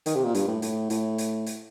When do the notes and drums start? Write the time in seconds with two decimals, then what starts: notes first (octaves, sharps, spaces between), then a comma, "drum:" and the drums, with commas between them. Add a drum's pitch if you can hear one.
0.06 D#3, drum: hi-hat
0.15 C3
0.24 A#2
0.35 G2, drum: hi-hat
0.48 A2
0.62 A2, drum: hi-hat
0.90 A2, drum: hi-hat
1.18 drum: hi-hat
1.46 drum: hi-hat